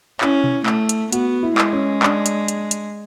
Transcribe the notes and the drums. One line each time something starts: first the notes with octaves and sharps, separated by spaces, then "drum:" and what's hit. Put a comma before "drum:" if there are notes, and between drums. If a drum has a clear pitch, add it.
C#4 E4, drum: clap
drum: tom B2
A3, drum: clap
drum: hi-hat
B3 F#4, drum: hi-hat
E4
G#3, drum: clap
C#4
D4, drum: clap
drum: hi-hat
drum: hi-hat
drum: hi-hat